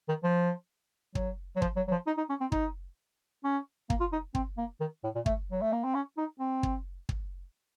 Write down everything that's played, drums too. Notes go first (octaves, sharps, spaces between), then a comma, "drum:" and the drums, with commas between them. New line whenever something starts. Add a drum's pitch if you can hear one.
D#3
F3
F#3, drum: kick
F#3
F3, drum: kick
F#3
F#3
F3
D#4
D#4
C#4
C4
D#4, drum: kick
C#4
A#3, drum: kick
F4
D#4
C4, drum: kick
A#3
D#3
A2
A#2
A3, drum: kick
F#3
A3
A#3
C4
C#4
D#4
C4
drum: kick
drum: kick